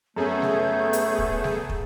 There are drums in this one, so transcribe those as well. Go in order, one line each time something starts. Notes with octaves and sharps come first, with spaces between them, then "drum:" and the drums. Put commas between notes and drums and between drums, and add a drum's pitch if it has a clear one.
F#2 A3 B3 G#4 A4 C#5 G6
drum: snare G3
drum: hi-hat
drum: kick
drum: snare G3
drum: kick